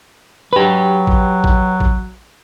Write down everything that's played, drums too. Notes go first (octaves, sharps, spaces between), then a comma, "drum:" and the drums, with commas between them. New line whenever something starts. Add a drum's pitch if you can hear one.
F#3 G4 B4
drum: kick A1
drum: kick A1
drum: kick A1